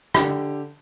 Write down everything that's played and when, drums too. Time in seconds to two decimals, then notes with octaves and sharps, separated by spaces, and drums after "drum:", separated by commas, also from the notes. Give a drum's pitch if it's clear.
0.14 D3 G4, drum: rim click